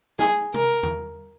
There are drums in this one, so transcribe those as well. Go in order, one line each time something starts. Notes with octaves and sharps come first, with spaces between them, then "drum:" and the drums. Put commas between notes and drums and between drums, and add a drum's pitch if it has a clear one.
G#4, drum: snare
A#4, drum: tom
drum: tom E2